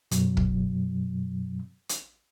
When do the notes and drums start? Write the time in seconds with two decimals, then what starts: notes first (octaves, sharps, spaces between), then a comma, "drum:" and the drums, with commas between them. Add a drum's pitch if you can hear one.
0.11 F#2 B2 F#3, drum: hi-hat
0.37 drum: kick
1.89 drum: hi-hat